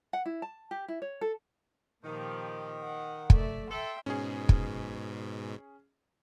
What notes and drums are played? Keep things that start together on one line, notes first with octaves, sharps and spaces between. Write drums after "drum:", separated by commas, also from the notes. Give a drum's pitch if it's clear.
F#5
E4
A5
G4
E4
C#5
A4
A#2 D#3 F3 G4
F#5
A3 D5 E5, drum: kick
A4 E5 G5 C6
G#2 B2 C#4 G#4
drum: kick